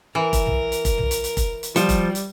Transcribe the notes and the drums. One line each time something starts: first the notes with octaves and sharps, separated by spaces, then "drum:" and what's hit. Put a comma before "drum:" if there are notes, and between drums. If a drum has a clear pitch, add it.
E3 A#4
drum: kick F1, hi-hat
drum: tom
drum: hi-hat
drum: kick F1, hi-hat
drum: tom
drum: hi-hat
drum: hi-hat
drum: kick F1, hi-hat
drum: hi-hat
F3 G3, drum: hi-hat
drum: kick F1, hi-hat
drum: hi-hat